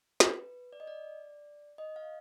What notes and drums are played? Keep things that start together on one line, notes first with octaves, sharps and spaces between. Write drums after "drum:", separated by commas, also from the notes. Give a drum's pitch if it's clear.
B4, drum: snare
D5
D#5
D5
D#5
F5